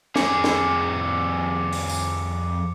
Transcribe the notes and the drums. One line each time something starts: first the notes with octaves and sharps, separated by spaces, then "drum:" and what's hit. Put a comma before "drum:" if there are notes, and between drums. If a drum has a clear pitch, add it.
F2 G#4 D6 C#7, drum: snare
drum: snare
drum: open hi-hat
drum: tambourine